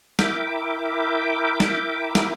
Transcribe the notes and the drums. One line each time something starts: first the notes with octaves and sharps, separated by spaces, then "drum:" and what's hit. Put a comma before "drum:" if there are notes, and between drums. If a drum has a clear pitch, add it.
E4 A#4 E5 G5 D6, drum: snare
drum: snare
drum: snare